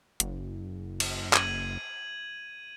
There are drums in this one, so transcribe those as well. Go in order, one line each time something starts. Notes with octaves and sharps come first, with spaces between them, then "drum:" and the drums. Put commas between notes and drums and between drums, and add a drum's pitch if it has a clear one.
F#1, drum: hi-hat
drum: cymbal
G#6 D#7 F#7, drum: clap